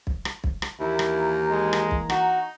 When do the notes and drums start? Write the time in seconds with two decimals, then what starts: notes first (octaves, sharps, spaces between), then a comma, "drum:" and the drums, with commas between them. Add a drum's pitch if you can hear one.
0.07 drum: kick
0.25 drum: rim click
0.44 drum: kick
0.62 drum: rim click
0.81 D#2 E3 A#3 E4 A#5
0.99 drum: rim click
1.50 G#3
1.73 drum: rim click
1.91 drum: kick
2.10 D#4 F#4, drum: rim click